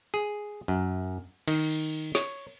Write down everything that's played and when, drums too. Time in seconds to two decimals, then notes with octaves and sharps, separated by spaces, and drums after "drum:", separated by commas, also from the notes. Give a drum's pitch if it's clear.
0.14 G#4
0.68 F#2
1.48 D#3, drum: cymbal
2.15 C#5, drum: snare